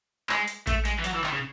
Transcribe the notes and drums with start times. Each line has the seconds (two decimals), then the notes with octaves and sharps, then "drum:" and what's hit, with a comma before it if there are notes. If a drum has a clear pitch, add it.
0.29 G#3, drum: clap
0.48 drum: hi-hat
0.67 A3, drum: kick A1, hi-hat
0.85 G#3, drum: hi-hat
0.99 E3
1.04 F#3, drum: hi-hat
1.14 E3
1.24 D#3, drum: clap
1.32 C#3